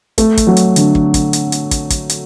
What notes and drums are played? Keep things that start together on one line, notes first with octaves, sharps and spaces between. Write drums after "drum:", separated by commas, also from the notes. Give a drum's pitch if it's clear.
A3, drum: kick, hi-hat
drum: kick, hi-hat
F#3
drum: hi-hat
D3, drum: hi-hat
drum: kick
drum: kick, hi-hat
drum: hi-hat
drum: hi-hat
drum: kick, hi-hat
drum: kick, hi-hat
drum: hi-hat